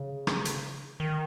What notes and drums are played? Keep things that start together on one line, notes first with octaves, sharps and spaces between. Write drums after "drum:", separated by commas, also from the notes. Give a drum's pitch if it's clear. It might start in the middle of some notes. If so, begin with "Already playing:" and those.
Already playing: C#3
drum: rim click
drum: hi-hat
D#3